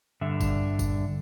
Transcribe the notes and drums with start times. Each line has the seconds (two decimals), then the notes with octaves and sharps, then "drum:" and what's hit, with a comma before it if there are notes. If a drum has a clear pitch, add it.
0.21 G2 D3 G3 E5
0.41 drum: kick G1, tambourine
0.79 drum: kick G1, tambourine